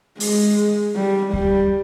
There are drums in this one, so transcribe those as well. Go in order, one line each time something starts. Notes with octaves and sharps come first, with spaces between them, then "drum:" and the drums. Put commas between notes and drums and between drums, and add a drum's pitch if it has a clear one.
G#3, drum: open hi-hat
G3
G3, drum: kick D2